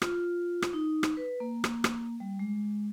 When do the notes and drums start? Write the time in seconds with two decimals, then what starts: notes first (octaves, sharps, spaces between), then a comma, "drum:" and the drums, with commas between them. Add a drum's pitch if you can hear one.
0.02 F4, drum: rim click
0.62 drum: rim click
0.73 D#4
1.03 drum: rim click
1.17 B4
1.40 A#3
1.64 drum: rim click
1.84 drum: rim click
2.20 G3
2.39 G#3